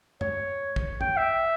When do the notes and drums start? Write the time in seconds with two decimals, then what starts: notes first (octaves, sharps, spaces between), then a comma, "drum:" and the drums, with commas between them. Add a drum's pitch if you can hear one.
0.21 C#5, drum: tom
0.76 drum: kick
1.01 G5, drum: tom
1.17 E5